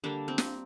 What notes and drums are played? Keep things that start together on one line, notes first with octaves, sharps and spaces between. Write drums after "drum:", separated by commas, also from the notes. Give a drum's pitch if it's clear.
D3 G3 A#3 D4
C4
drum: snare